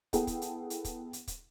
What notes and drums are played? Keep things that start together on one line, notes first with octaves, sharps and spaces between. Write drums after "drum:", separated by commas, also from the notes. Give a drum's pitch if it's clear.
B3 E4 G#4 A4 F#5 G5, drum: kick, hi-hat
drum: kick, hi-hat
drum: hi-hat
drum: hi-hat
drum: kick, hi-hat
drum: hi-hat
drum: kick, hi-hat